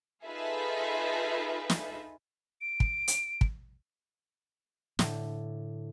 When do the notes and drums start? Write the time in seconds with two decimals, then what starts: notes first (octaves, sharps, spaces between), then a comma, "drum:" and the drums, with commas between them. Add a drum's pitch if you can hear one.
0.24 D#4 F4 G#4 A4 B4 E5
1.70 drum: snare
2.61 D7
2.80 drum: kick
3.08 drum: hi-hat
3.41 drum: kick
4.99 A2 D3, drum: snare